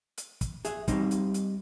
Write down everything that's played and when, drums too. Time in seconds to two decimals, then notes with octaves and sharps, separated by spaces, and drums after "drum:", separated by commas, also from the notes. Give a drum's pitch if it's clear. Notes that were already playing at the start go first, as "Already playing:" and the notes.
0.18 drum: hi-hat
0.41 drum: kick, hi-hat
0.65 G#4 E5, drum: hi-hat
0.88 G3 C4 D#4, drum: kick, hi-hat
1.11 drum: hi-hat
1.34 drum: hi-hat